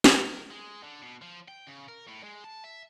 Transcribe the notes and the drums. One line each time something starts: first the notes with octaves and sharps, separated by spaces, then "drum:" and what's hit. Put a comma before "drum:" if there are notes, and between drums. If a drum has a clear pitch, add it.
drum: snare
A#4
G#3
D3
B2
F3
G5
C#3
A#4
A2
G#3
A5
E5